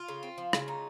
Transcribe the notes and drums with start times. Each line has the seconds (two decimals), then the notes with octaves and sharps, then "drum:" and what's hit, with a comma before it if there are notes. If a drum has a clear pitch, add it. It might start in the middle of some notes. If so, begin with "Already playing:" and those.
Already playing: F4
0.08 C#3
0.23 C4
0.38 F3
0.53 C#3, drum: rim click
0.68 D#4